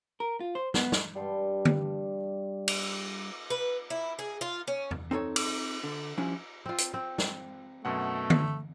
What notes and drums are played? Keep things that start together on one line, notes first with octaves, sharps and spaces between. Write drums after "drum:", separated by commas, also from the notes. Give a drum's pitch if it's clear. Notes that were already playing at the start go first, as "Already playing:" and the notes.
A#4
F4
C5
B3, drum: snare
drum: snare
G2 G3 A5 C6
drum: tom D3
drum: cymbal
B4
E4
G#4
F4
C#4
drum: tom E2
C4 D#4 A4 C#5
drum: cymbal
D3
F3 G3 C#4 D4 E4
C4 F4
drum: hi-hat
C4
drum: snare
F#2 B2 A3 F#5
drum: tom D3